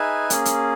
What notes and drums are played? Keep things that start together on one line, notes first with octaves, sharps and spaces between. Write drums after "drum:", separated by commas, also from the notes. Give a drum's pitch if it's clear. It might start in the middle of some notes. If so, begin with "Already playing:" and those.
Already playing: D#4 G#4 B4 E5 G#5
A#3 C#4 G#4, drum: hi-hat
drum: hi-hat